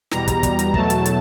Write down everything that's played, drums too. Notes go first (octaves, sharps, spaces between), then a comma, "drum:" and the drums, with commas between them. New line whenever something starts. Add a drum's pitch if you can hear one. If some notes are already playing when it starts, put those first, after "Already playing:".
E2 B2 G3 A#5, drum: snare
drum: kick, hi-hat
drum: kick, hi-hat
drum: hi-hat
E2 B2 F#3 A3 A5, drum: kick
drum: hi-hat
drum: hi-hat